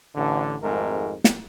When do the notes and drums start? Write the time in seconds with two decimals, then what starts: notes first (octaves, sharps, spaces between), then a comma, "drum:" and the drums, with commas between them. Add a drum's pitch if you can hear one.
0.15 A1 D3
0.63 G#1 F2 G#2 A3 A#4
1.24 drum: snare